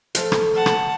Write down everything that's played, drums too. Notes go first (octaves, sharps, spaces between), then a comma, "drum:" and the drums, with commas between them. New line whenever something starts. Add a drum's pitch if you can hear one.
F3 A3 F5, drum: hi-hat
drum: rim click
F#5 A5
drum: rim click